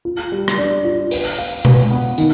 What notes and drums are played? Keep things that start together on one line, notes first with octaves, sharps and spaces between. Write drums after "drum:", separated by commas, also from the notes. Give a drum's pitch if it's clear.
F4
G3
drum: rim click
D4
F4
B4, drum: open hi-hat
F5
B4, drum: tom B2
B3
D#3, drum: tambourine